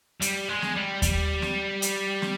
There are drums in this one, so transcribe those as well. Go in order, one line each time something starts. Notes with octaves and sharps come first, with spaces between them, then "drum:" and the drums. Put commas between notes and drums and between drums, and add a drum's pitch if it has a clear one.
G3, drum: hi-hat
G#3
drum: snare
G3
G3, drum: kick D#2, hi-hat
drum: snare
drum: hi-hat
drum: snare